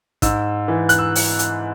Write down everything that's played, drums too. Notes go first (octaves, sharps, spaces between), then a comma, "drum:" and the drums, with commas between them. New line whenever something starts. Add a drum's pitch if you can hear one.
G#2 E6, drum: kick A1, hi-hat
E3
F#6, drum: hi-hat
E6
drum: open hi-hat
drum: hi-hat